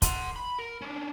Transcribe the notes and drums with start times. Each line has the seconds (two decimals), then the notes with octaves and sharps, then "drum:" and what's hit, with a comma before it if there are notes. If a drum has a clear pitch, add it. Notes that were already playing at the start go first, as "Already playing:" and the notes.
0.02 F#5 C6, drum: kick, hi-hat
0.36 B5
0.59 A#4
0.82 C#4 D4